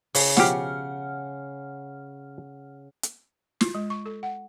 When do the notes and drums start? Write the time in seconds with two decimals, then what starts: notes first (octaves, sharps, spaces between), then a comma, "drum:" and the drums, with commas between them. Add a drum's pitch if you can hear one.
0.15 C#3, drum: open hi-hat
0.37 B2 F3 G4 F#5 F6, drum: snare
3.03 drum: hi-hat
3.61 F4, drum: snare
3.75 G#3
3.90 C#6
4.06 A4
4.23 F#5